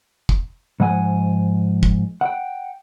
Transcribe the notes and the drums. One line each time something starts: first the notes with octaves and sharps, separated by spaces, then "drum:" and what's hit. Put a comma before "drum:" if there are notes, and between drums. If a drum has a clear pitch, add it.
drum: kick
G#2 F3 F#5 G#5
drum: kick
F#5 G5